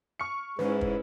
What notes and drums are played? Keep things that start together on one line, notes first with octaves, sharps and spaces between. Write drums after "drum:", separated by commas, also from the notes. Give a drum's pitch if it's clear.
C#6 F6 C#7
G#2 G#3 C#4 E4 B4, drum: snare
drum: kick